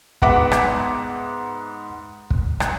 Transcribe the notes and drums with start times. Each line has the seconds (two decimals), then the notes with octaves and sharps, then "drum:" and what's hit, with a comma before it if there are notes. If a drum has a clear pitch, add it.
0.22 G#2 B3 E5 F#5 D6 B6, drum: kick
0.52 drum: rim click
2.30 drum: kick
2.60 drum: rim click